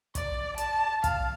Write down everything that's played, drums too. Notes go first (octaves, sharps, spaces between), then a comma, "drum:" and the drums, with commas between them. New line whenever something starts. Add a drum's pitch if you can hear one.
D5, drum: kick, hi-hat
A5, drum: hi-hat
F5, drum: kick, hi-hat